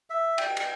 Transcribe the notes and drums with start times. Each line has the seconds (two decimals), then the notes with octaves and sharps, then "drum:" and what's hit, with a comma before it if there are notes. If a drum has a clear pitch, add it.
0.10 E5
0.38 G5, drum: cymbal
0.57 drum: cymbal